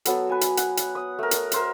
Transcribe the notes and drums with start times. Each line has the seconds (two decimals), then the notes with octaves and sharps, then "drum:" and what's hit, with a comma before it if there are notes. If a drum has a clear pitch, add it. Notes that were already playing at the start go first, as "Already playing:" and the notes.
0.05 F#3 B3 A4, drum: hi-hat
0.29 B4 G#5
0.41 drum: hi-hat
0.57 F#5, drum: hi-hat
0.77 drum: hi-hat
0.95 D#6
1.19 A3 A#4
1.31 drum: hi-hat
1.52 A#4 C5 E5, drum: hi-hat